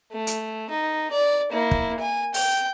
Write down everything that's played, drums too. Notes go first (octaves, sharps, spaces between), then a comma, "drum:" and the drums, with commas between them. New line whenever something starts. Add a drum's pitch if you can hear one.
A3
drum: hi-hat
D#4
D5
A#3 E4
drum: kick
G#5
G5, drum: open hi-hat